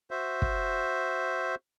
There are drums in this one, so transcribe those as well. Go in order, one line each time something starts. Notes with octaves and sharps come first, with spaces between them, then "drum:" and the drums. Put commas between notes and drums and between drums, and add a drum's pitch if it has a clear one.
F#4 C5 E5
drum: kick